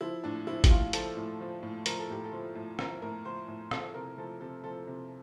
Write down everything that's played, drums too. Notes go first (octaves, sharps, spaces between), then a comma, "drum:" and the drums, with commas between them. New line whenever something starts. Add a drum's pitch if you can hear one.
F3 E4
A2 D4
F3 E4
G4, drum: kick G#1, hi-hat
A2 F4
F3 A4, drum: hi-hat
A2
F3
A2
F3 A#4, drum: hi-hat
A4
A2 G4
A4
F3
A2
F3 A#4, drum: rim click
A2 A#4
F3 C5
A2
F3 A4, drum: rim click
C3 A#4
F3 A4
C3 A4
F3 A4
C3